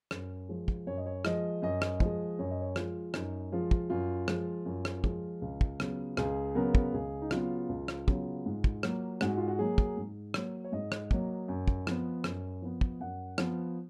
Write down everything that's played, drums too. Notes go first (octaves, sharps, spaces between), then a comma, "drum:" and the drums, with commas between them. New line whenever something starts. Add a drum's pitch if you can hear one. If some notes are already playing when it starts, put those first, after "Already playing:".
F#2, drum: rim click
F3 G#3
drum: kick
F#2 C#5
D#5
C#5
F3 G#3 D#5, drum: rim click
F#2 D#5
drum: rim click
F3, drum: kick
G#3
F#2 C#5
D#5
C#5
F3 G#3 F4, drum: rim click
F#2 D#4, drum: rim click
F3 G#3 F4
drum: kick
F#2 F4
F3 G#3, drum: rim click
F#2
drum: rim click
F3 G#3, drum: kick
C#2
drum: kick
C#3 F#3 B3, drum: rim click
C#2 G#4, drum: rim click
C#3 F#3 B3 A#4
drum: kick
C#2 G#4
D#4
C#3 F#3 B3 F4, drum: rim click
C#2
drum: rim click
C#3 F#3 B3, drum: kick
G#2
drum: kick
F#3 A#3, drum: rim click
G#2 F#4, drum: rim click
F4
F#4
F#3 A#3 G#4
drum: kick
G#2
F#3 A#3 C#5, drum: rim click
C#5
G#2 D#5
drum: rim click
F#3 A#3, drum: kick
F#2
drum: kick
F3 B3, drum: rim click
F#2, drum: rim click
F3 B3
drum: kick
F#2 F#5
F3 B3, drum: rim click